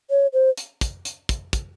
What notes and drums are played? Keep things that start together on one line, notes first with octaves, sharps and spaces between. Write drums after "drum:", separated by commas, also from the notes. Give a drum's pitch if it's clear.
C#5
C5
drum: hi-hat
drum: kick, hi-hat
drum: hi-hat
drum: kick, hi-hat
drum: kick, hi-hat